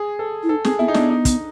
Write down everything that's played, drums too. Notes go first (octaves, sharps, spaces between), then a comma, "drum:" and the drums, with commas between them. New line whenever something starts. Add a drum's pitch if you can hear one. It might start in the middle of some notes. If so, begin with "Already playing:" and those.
Already playing: G#4
A4
E4
D#4 A4
C4 G#4, drum: snare
B3 E4
D#4
B3 D4, drum: snare
D#4
drum: kick, hi-hat